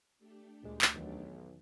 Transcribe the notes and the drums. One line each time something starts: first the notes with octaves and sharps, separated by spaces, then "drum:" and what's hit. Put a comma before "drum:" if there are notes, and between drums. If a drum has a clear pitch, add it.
A3 D4 G4
D2 A#2 G#3
drum: clap
B1 E2 D#3 F#3